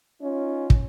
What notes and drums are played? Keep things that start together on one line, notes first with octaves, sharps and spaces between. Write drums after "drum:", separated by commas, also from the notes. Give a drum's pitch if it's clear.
C#4 D#4 F4
drum: kick